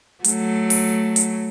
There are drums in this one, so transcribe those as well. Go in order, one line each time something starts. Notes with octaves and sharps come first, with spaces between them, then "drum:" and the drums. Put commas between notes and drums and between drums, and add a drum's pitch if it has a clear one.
F#3 A3, drum: hi-hat
drum: open hi-hat
drum: hi-hat